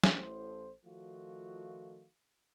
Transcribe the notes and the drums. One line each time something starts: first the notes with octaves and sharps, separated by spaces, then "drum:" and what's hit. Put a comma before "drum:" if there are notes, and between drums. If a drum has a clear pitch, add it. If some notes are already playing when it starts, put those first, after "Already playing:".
drum: snare
A1 A2 A3 C5
D#3 F3 A3 F4 F#4